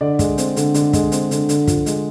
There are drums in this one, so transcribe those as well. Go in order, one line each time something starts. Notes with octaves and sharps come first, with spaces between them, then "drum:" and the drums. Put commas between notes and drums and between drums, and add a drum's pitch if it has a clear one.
D3 D5
G#3, drum: kick, hi-hat
C4, drum: hi-hat
D3, drum: hi-hat
D3, drum: hi-hat
G#3, drum: kick, hi-hat
C4, drum: hi-hat
D3, drum: hi-hat
D3, drum: hi-hat
F3, drum: kick, hi-hat
G#3, drum: hi-hat